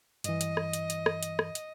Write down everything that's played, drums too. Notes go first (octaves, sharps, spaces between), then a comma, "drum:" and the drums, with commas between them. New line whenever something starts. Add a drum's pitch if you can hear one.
G2 E3 D#5, drum: hi-hat
drum: hi-hat
drum: rim click
drum: hi-hat
drum: hi-hat
drum: rim click
drum: hi-hat
drum: rim click
drum: hi-hat